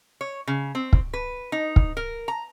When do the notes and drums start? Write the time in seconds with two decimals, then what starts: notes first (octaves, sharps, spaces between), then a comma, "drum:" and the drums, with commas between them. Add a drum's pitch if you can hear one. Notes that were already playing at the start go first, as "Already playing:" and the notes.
0.21 C#5
0.48 C#3
0.75 C4
0.93 drum: kick
1.13 B4
1.52 D#4
1.76 drum: kick
1.97 A#4
2.28 A#5